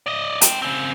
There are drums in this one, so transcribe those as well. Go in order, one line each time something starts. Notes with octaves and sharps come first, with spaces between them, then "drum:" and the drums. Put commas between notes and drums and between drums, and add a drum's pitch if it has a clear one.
D5 D#5
G#3 G5, drum: hi-hat
C#3 C4